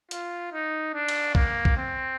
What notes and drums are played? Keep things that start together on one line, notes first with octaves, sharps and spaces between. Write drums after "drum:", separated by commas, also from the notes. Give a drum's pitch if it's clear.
F4, drum: hi-hat
D#4
D4
drum: cymbal
A#3, drum: kick C2
drum: kick C2
C4